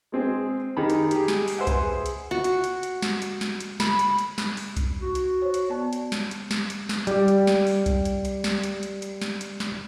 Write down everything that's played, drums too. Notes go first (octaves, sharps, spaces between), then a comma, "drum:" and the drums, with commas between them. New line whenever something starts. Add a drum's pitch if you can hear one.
G#3 C4 G#4
D#3 G4 G#4 A#5 B5
drum: hi-hat
G4 G#4, drum: hi-hat
drum: snare
drum: open hi-hat
B4 C5 E5 F#5 G#5
drum: kick C2, hi-hat
G#4
drum: hi-hat
F#4
drum: hi-hat
drum: hi-hat
drum: hi-hat
drum: snare
drum: hi-hat
drum: snare
drum: hi-hat
B5, drum: snare
drum: hi-hat
drum: hi-hat
drum: snare
drum: open hi-hat
drum: kick C2, hi-hat
F#4
drum: hi-hat
C5 C#5
drum: hi-hat
B3 D5 A5
drum: hi-hat
drum: snare
drum: hi-hat
drum: snare
drum: hi-hat
drum: snare
G3 G4, drum: hi-hat
drum: hi-hat
drum: snare
drum: open hi-hat
drum: kick C2, hi-hat
drum: hi-hat
drum: hi-hat
drum: snare
drum: hi-hat
drum: hi-hat
drum: hi-hat
drum: snare
drum: hi-hat
drum: snare